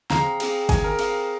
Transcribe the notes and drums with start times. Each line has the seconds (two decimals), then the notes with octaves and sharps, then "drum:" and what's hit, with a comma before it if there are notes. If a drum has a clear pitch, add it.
0.10 C4 G#4 F5 A#5, drum: snare
0.40 C4 G#4 F5, drum: cymbal
0.69 C4 G#4 F5 G#5, drum: kick, cymbal
0.84 A#4
0.99 C4 G#4 F5, drum: cymbal